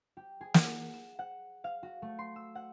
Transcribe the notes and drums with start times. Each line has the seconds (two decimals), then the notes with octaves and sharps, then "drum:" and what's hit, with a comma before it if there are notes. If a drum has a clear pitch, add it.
0.17 G4
0.41 G#4
0.54 F#5, drum: snare
0.94 E7
1.19 F#5
1.64 F5
1.83 F#4
2.02 A3
2.19 C6
2.36 E6
2.55 F#5